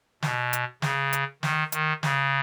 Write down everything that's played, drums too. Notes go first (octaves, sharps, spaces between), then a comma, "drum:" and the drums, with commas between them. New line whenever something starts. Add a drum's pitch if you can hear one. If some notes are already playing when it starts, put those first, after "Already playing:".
B2, drum: snare
drum: hi-hat
C#3, drum: snare
drum: hi-hat
D#3, drum: snare
D#3, drum: hi-hat
C#3, drum: snare